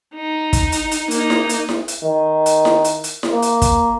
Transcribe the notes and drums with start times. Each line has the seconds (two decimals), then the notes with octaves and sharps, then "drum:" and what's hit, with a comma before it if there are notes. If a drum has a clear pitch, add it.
0.15 D#4
0.53 drum: kick, hi-hat
0.72 drum: hi-hat
0.91 drum: hi-hat
1.11 A#3 D#4, drum: hi-hat
1.30 drum: snare E4
1.49 drum: hi-hat
1.69 drum: snare E4
1.88 drum: hi-hat
2.03 D#3
2.46 drum: hi-hat
2.65 drum: snare E4
2.84 drum: hi-hat
3.04 drum: hi-hat
3.23 drum: snare E4
3.32 A#3
3.42 drum: hi-hat
3.62 drum: kick, hi-hat